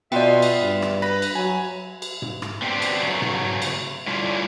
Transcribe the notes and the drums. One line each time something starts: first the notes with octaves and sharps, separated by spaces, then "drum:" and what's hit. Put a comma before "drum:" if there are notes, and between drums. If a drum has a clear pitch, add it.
B2 B3 F4 D5 E5 G5 C6
drum: cymbal
G2
drum: rim click
B4 B5 A#6
drum: cymbal
F#3 G#5
drum: cymbal
drum: tom G#2
drum: rim click
B3 C4 D4 G4
drum: cymbal
C#3 F#3 A3 B3 G#4
drum: tom G#2
drum: cymbal
A2 G3 C#4 D4 E4 F4